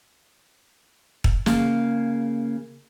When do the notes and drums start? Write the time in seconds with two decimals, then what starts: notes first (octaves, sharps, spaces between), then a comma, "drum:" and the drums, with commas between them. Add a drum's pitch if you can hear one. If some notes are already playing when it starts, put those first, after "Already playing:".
1.24 drum: kick
1.46 C#3 A#3, drum: snare